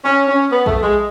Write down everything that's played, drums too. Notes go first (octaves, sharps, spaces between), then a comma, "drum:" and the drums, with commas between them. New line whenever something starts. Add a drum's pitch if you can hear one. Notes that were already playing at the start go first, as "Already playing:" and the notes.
C#4
C#4
B3
A3, drum: kick A#1
G#3